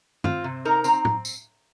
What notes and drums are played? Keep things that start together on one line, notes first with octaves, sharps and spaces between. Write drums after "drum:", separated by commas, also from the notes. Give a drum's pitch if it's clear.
C4 F4, drum: tom G2
C3
D#4 A#4
C4 A#5, drum: tambourine
drum: tom
drum: tambourine